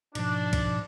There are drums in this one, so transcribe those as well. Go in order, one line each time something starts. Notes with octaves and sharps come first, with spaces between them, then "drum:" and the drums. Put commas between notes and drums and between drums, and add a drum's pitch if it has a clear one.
G#2 B2 F3 D4, drum: cymbal
drum: kick, cymbal